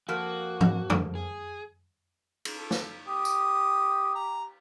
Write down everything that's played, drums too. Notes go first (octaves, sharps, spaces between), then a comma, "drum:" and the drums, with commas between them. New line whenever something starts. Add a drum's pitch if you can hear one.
F2 A#3 F#4
drum: tom G#2
drum: tom F2
G#4
drum: cymbal
A4
drum: snare
G4 D#6
drum: tambourine
A#5